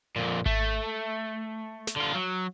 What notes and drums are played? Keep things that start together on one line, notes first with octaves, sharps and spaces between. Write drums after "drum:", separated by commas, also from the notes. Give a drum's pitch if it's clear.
F2 A#2
A3, drum: kick G#1
drum: snare
D3 F4
F#3